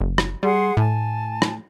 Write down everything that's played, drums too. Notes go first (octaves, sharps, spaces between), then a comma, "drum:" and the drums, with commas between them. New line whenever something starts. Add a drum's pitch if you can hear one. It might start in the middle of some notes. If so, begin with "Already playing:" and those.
F#1
drum: rim click
G3 G#4 F#5 C6
A2 G#5 A5
drum: rim click